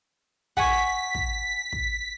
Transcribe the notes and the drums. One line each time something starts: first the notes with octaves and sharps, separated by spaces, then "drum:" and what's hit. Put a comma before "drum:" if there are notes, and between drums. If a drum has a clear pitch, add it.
F#5 G#5 C#6 B6, drum: kick
drum: kick
drum: kick